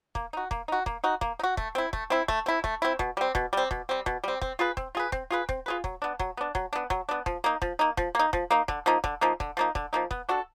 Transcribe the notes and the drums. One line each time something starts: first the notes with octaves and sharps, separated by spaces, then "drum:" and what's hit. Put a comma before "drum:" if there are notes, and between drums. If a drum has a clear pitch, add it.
A#3, drum: kick
D#4 F#4
A#3, drum: kick
D#4 F#4
A#3, drum: kick
D#4 F#4
A#3, drum: kick
D#4
F#4
A3, drum: kick
C4 E4
A3, drum: kick
C4 E4
A3, drum: kick
C4 E4
A3, drum: kick
C4 E4
B2, drum: kick
G3 C4
B2, drum: kick
G3 C4
B2, drum: kick
G3 C4
B2, drum: kick
G3 C4
C4, drum: kick
F4 G#4 B4
C4, drum: kick
F4 G#4 B4
C4, drum: kick
F4 G#4 B4
C4, drum: kick
F4 G#4 B4
F#3, drum: kick
B3 D4
F#3, drum: kick
B3 D4
F#3, drum: kick
B3 D4
F#3, drum: kick
B3 D4
F3, drum: kick
A#3 D#4
F3, drum: kick
A#3 D#4
F3, drum: kick
A#3 D#4
F3, drum: kick
A#3 D#4
D3, drum: kick
F3 A#3 D#4
D3, drum: kick
F3 A#3 D#4
D3, drum: kick
F3 A#3 D#4
D3, drum: kick
F3 A#3 D#4
B3, drum: kick
D4 F#4 A4